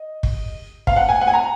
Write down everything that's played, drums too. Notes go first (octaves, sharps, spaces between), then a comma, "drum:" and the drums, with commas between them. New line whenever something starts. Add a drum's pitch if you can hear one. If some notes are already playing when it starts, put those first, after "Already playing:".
Already playing: D#5
drum: kick
F5, drum: kick
F#5
G#5
F#5
G#5
A#5